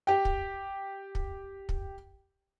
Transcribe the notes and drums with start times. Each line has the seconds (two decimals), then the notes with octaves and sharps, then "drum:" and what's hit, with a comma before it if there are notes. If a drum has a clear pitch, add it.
0.07 G4 G5
0.25 drum: kick
1.15 drum: kick
1.69 drum: kick